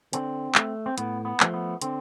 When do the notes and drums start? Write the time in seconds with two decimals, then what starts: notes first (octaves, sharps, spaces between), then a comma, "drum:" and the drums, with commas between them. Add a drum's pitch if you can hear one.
0.13 D3 C4, drum: hi-hat
0.55 A3, drum: clap
0.86 C4
0.98 A2 B3, drum: hi-hat
1.25 B3
1.40 F3 A3, drum: clap
1.54 B3
1.82 D3 C4, drum: hi-hat